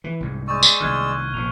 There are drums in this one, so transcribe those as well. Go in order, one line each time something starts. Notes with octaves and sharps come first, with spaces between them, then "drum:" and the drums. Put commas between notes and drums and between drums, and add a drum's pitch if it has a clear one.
E3
C2 G#2
G#3 D5 C#6 E6 G6
drum: tambourine
C2 D#3 F6 F#6 G#6
A#1 C3 F7